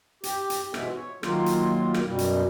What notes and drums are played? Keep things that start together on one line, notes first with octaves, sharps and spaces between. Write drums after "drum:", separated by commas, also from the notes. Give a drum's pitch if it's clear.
G4, drum: hi-hat
drum: hi-hat
G#2 B2 E3 G#3 B3 E5, drum: rim click
C#5
D#3 F#3 A#3 F4, drum: rim click
drum: hi-hat
drum: rim click
F#2 B2 G3
drum: hi-hat